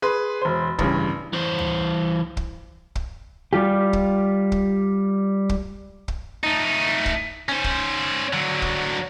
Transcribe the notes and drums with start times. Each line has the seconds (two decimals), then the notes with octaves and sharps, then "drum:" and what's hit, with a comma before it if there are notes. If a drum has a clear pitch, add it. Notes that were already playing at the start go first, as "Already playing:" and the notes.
0.02 G#4 B4 C6
0.42 E1 C5
0.79 A1 G2 C#3, drum: kick
1.33 E3 C5
1.59 drum: tom
2.37 drum: kick
2.95 drum: kick
3.53 G3 F4 G4
3.93 drum: kick
4.52 drum: kick
5.49 drum: kick
6.08 drum: kick
6.44 A3 D#4
7.06 drum: kick
7.49 C#4 C5
7.64 drum: kick
8.33 D3 F#3
8.62 drum: kick